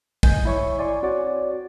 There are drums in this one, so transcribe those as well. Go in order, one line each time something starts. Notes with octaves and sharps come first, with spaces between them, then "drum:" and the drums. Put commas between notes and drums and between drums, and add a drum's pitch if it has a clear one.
D#5 G#5 G6, drum: kick
E4 C#5 C#6
D5 G#5 C6 C#6
C4 F#4 C#5 D5